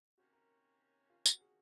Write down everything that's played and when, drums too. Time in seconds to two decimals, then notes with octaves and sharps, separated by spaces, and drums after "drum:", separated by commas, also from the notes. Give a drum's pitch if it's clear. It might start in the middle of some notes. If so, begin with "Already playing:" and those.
0.18 C3 D#3 A#3 C#4 F#4
0.33 A#4
1.10 F4
1.26 F#4, drum: tambourine
1.40 G#4